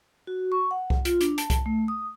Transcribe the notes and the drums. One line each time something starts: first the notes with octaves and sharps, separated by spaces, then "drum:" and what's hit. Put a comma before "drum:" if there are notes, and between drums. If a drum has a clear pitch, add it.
F#4
C#6
F#5
drum: kick C2
F4, drum: hi-hat
D4, drum: hi-hat
A5, drum: hi-hat
drum: kick C2, hi-hat
A3
D#6